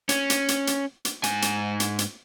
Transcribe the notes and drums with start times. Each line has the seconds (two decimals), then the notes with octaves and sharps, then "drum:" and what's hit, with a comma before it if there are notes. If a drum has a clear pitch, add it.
0.09 C#4, drum: hi-hat
0.30 drum: hi-hat
0.48 drum: hi-hat
0.67 drum: hi-hat
1.05 drum: hi-hat
1.23 G#2 G#5, drum: hi-hat
1.42 drum: hi-hat
1.80 drum: hi-hat
1.99 drum: hi-hat